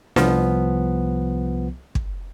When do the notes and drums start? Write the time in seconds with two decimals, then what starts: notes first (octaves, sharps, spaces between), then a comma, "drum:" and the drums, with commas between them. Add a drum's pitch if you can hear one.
0.16 C2 F3 B3, drum: snare
1.95 drum: kick